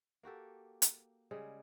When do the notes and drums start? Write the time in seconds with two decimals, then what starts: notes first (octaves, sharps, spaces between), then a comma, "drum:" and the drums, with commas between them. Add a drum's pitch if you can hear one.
0.23 A#3 F#4 G4 A4
0.82 drum: hi-hat
1.31 C#3 G3 G#3 G#4